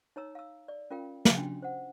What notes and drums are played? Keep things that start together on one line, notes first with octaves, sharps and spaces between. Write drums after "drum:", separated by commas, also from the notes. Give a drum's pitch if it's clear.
D#4 C#5 A#5 E6
F5 E6
D5
C#4 F4 A#4 F5 G5
drum: snare
C#4 D4 F#4 G5
C5 F#5